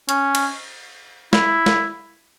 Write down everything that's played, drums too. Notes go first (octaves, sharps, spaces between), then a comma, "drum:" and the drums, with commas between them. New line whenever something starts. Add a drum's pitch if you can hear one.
C#4, drum: hi-hat
drum: cymbal
E4, drum: snare
drum: snare